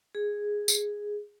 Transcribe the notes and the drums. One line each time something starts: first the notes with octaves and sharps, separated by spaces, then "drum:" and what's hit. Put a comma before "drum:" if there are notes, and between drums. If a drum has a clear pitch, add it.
G#4
drum: tambourine